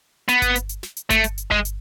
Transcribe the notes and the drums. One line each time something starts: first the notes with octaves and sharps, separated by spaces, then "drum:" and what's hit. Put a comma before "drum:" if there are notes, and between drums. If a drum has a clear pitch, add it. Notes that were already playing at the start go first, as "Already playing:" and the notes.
B3, drum: hi-hat
drum: kick G1, hi-hat
drum: hi-hat
drum: hi-hat
drum: snare
drum: hi-hat
A3, drum: kick G1, hi-hat
drum: hi-hat
drum: hi-hat
G#3, drum: kick G1
drum: hi-hat